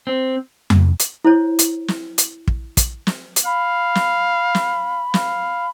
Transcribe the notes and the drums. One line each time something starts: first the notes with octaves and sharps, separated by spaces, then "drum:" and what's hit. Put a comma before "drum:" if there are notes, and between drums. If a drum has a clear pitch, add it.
C4
drum: tom F2
drum: hi-hat
E4 C5 C#5
drum: hi-hat
drum: snare
drum: hi-hat
drum: kick
drum: kick, hi-hat
drum: snare
drum: hi-hat
F5 B5
drum: snare
drum: snare
F5, drum: snare